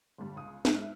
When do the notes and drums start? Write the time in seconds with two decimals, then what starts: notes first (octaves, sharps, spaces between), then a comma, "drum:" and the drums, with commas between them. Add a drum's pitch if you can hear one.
0.18 G1 G3
0.36 C#2 D#6
0.65 G#2 E5 F6 F#6, drum: snare